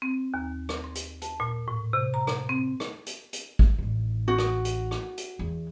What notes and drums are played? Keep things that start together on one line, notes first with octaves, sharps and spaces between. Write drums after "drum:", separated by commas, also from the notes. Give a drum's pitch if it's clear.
C4
D#2
drum: rim click
C6
drum: hi-hat
A5, drum: hi-hat
A#2
A2
C3
A#5
drum: rim click
C4
drum: rim click
drum: hi-hat
drum: hi-hat
drum: kick
A1 D#3
F#4
drum: rim click
drum: hi-hat
drum: rim click
drum: hi-hat
E2